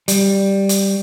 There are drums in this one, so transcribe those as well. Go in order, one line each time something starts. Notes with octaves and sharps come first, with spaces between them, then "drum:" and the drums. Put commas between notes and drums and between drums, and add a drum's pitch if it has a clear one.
G3, drum: hi-hat
drum: hi-hat